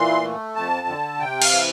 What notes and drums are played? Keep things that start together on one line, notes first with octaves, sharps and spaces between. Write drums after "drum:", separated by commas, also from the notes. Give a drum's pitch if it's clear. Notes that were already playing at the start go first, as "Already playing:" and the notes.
Already playing: A#2 E3 C6
A3
F2 A5
D3
C3 G5
F5, drum: cymbal
E3